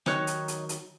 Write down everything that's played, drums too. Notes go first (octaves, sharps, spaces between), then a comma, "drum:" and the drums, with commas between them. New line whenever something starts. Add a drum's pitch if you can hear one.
D#2 D#3 F#3 D#4 C#5 F#6, drum: rim click
drum: hi-hat
drum: hi-hat
drum: hi-hat